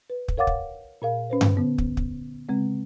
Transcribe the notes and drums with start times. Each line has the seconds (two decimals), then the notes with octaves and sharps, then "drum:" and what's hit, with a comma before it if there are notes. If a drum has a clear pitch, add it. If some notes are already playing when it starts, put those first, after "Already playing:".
0.10 B4
0.28 drum: kick
0.38 A#4 C#5 F5 F#5 D6 A6
0.47 drum: kick
1.02 A#2 A#4 F5
1.30 C#4 B4 C5
1.41 drum: tom G2
1.57 D3 B3
1.78 drum: kick
1.97 drum: kick
2.49 C#3 G#3 C4